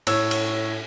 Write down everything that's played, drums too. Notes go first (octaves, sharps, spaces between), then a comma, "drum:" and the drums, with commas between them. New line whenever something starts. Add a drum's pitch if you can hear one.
A2 C#5 E6, drum: cymbal
drum: cymbal